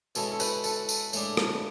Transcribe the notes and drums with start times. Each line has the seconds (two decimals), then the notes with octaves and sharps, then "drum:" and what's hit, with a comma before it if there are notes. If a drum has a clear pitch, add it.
0.15 B2 G#3 C#4 E4 A4, drum: tambourine
0.31 A4
0.40 B4, drum: tambourine
0.64 A4, drum: tambourine
0.89 drum: tambourine
1.13 A2 G#3 D4, drum: tambourine
1.37 drum: rim click